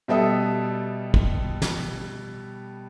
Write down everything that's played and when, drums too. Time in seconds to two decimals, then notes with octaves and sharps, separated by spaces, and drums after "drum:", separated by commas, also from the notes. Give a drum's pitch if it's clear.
0.08 B2 G3 A4 E5 D#6
1.14 drum: kick
1.62 drum: snare